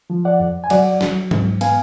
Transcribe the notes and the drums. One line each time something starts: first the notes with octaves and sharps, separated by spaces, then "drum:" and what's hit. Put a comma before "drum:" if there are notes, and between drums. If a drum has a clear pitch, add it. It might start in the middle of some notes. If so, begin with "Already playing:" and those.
F3
D5 F#5
F2
G#5
F#3 D5 F#5, drum: cymbal
F#3, drum: snare
G#2, drum: tom E3
B3 F5 G#5, drum: cymbal